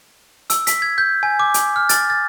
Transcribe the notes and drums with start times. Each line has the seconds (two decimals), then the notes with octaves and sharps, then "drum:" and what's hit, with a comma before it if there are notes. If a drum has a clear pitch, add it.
0.50 E6, drum: hi-hat
0.67 B6, drum: hi-hat
0.82 G#6
0.98 G6
1.23 G#5
1.39 D6
1.54 drum: hi-hat
1.76 F6
1.89 A6, drum: hi-hat
2.10 A6